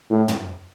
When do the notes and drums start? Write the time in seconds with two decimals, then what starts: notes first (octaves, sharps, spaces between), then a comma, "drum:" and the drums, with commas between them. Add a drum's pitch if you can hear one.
0.10 A2
0.28 drum: tom